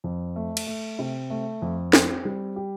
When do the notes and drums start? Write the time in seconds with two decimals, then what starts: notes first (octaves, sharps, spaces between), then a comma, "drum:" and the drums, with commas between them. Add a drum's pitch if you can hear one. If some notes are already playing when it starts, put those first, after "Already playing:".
0.04 F2
0.36 A3
0.57 drum: cymbal
0.67 A3
0.99 C3
1.30 A3
1.62 F2
1.93 C4, drum: snare
2.25 G3
2.56 G4